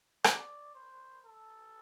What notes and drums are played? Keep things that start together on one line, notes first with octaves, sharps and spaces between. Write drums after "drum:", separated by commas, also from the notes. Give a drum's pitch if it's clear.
D5, drum: rim click
C5
A4